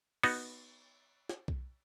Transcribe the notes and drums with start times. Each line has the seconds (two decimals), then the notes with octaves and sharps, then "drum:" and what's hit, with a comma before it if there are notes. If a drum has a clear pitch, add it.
0.23 B3 D#4 F#4, drum: cymbal
1.29 drum: snare
1.48 drum: kick B1